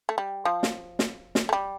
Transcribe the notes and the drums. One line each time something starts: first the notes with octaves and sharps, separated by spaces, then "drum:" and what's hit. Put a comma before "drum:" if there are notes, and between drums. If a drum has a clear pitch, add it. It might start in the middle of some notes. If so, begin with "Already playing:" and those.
A3
G3
F3
drum: snare
drum: snare
drum: snare
A3
G3